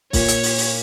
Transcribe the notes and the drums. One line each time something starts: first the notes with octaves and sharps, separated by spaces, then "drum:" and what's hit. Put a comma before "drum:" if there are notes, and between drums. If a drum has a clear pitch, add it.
A#2 C#5, drum: kick, open hi-hat
drum: hi-hat
drum: open hi-hat
drum: open hi-hat